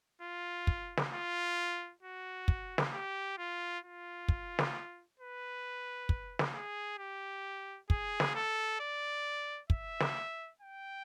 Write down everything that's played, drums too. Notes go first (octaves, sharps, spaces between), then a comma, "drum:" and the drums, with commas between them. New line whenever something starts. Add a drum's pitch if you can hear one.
F4
drum: kick
drum: snare
F4
F#4
drum: kick
drum: snare
G4
F4
F4
drum: kick
drum: snare
B4
drum: kick
drum: snare
G#4
G4
G#4, drum: kick
drum: snare
A4
D5
E5, drum: kick
drum: snare
G5